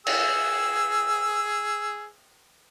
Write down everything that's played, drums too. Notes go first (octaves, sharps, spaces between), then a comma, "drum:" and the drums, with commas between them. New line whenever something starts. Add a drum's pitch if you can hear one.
G#4 E6, drum: cymbal